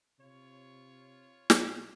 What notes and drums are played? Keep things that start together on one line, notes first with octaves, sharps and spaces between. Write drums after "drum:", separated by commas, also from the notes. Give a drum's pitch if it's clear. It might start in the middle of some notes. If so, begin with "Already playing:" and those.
C3 F4 C#5
B1, drum: snare